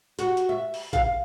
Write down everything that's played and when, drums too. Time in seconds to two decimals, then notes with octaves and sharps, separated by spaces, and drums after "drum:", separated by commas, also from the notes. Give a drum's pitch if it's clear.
0.19 F#4, drum: hi-hat
0.37 drum: hi-hat
0.49 E5
0.74 drum: open hi-hat
0.93 F5, drum: kick A1, hi-hat